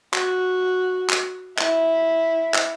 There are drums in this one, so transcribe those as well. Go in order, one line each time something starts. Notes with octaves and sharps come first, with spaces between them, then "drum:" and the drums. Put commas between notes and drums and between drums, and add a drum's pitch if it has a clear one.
F#4, drum: clap
drum: clap
E4, drum: clap
drum: clap